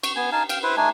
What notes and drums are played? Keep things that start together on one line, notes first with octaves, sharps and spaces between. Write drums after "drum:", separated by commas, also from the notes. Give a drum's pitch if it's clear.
C#6, drum: cymbal
B3 G#5
D#4 F5 G#5 A5
F5 G5, drum: cymbal
E4 B4 C5
A3 D4 D#4 G#5